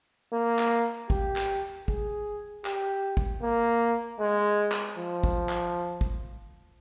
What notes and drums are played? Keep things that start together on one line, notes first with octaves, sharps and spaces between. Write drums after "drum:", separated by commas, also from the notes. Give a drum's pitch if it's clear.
A#3
drum: clap
G4, drum: kick
drum: clap
G#4, drum: kick
G4, drum: clap
drum: kick
A#3
G#3
drum: clap
F3
drum: kick
drum: clap
drum: kick